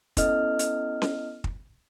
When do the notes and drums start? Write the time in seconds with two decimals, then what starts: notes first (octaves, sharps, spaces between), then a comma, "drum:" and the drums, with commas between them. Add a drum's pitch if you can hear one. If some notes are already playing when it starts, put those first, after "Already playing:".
0.17 B3 C#4 E4 A4 D#5 F6, drum: kick, hi-hat
0.59 drum: hi-hat
1.02 drum: snare C#4
1.44 drum: kick